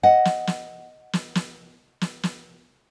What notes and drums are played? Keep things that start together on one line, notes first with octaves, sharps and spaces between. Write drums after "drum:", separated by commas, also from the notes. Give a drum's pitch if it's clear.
D#5 F#5
drum: snare
drum: snare
drum: snare
drum: snare
drum: snare
drum: snare